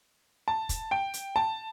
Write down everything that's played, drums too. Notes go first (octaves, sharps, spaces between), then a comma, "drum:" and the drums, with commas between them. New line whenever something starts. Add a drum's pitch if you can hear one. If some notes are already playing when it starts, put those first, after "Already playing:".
A5
drum: kick, hi-hat
G5
drum: hi-hat
A5